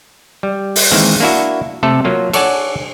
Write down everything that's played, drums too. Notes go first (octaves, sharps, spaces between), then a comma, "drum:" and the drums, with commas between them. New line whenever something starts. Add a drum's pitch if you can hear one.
G3
drum: open hi-hat
D#3 E3 G#3 A#3 C4
A#3 D4 E4 F#4 E5
C3 A3 A4
F#3 A#3 F4
A4 C#5 D5 F#5 G#5 A5, drum: cymbal